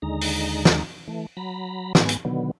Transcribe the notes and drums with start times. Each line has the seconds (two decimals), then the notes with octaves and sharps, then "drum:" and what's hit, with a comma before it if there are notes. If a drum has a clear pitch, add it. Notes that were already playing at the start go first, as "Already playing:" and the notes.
0.02 D#2 D3 G#3 D#4 A#5
0.21 drum: open hi-hat
0.65 drum: snare
1.07 E3 A3
1.37 F#3 A#5 B5
1.95 G#2 B3 G#5, drum: snare
2.09 drum: hi-hat
2.25 B2 D3 D#3 F#3 B3